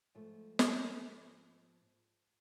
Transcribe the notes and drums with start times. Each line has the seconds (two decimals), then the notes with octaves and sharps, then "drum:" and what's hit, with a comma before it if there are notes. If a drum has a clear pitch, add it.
0.15 G#2 F3 A3
0.59 drum: snare